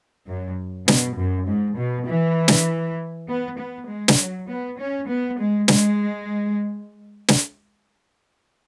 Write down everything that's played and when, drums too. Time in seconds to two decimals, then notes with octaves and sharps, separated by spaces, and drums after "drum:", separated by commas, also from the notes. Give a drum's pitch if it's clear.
0.28 F#2
0.88 B2, drum: snare
1.17 F#2
1.48 G#2
1.78 B2
2.08 E3
2.48 drum: snare
3.28 B3
3.58 B3
3.88 G#3
4.08 drum: snare
4.18 F#3
4.48 B3
4.78 C#4
5.08 B3
5.39 G#3
5.68 G#3, drum: snare
7.28 drum: snare